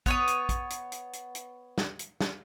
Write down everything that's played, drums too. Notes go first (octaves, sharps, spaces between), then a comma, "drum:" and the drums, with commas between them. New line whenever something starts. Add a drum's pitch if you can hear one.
B3 C#5 D#6, drum: kick, hi-hat
drum: hi-hat
drum: kick, hi-hat
drum: hi-hat
drum: hi-hat
drum: hi-hat
drum: hi-hat
drum: snare
drum: hi-hat
drum: snare